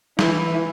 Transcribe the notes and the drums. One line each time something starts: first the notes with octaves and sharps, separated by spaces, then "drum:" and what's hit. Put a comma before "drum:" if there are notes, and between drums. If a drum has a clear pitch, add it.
E3, drum: snare